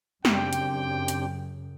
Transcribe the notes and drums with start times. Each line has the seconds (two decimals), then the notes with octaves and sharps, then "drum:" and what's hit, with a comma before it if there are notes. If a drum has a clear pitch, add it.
0.25 F#2 C#3 C4 D4 G4 G5, drum: snare
0.53 drum: hi-hat
1.08 drum: hi-hat